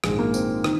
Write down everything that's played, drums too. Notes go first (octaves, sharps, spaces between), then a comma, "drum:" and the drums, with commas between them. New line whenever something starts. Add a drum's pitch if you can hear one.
A#1 G#2 D#3 G#3, drum: rim click
A#3
C4, drum: tambourine
D#3, drum: rim click